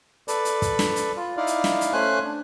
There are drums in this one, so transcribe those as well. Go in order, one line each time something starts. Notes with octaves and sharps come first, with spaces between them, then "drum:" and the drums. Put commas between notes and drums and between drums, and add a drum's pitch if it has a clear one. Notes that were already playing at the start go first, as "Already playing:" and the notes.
A4 B4 D5, drum: hi-hat
drum: hi-hat
drum: kick, hi-hat
drum: snare
drum: hi-hat
F4
D#4 E4 D5 F5
drum: hi-hat
drum: snare
drum: hi-hat
A3 C#4 C5 G#5 F#6
D4